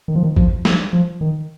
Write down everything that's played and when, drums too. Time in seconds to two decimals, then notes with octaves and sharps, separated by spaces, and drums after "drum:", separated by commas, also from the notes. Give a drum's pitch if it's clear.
0.08 D#3
0.15 F3
0.23 D#3
0.36 F3, drum: kick
0.65 F3, drum: snare
0.93 F3
1.21 D#3